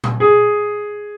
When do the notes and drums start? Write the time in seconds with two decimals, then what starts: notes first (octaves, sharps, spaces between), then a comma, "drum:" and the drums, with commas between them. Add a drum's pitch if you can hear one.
0.04 drum: tom A#2
0.20 G#4